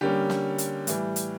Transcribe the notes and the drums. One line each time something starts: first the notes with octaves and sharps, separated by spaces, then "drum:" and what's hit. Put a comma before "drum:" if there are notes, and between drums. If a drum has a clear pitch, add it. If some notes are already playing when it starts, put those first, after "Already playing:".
D3 G3 A#3 C#4 G4
drum: snare
drum: hi-hat
A2 E3 G3, drum: hi-hat
drum: hi-hat